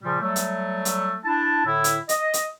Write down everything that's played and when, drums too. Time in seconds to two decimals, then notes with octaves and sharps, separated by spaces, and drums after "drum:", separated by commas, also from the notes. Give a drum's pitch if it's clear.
0.03 A#2 C#3 F3 G3
0.21 F#3 G3 A3
0.36 drum: hi-hat
0.85 drum: hi-hat
1.24 D4 E4 A5
1.65 A2 D3 E4
1.84 drum: hi-hat
2.09 D#5, drum: hi-hat
2.34 drum: hi-hat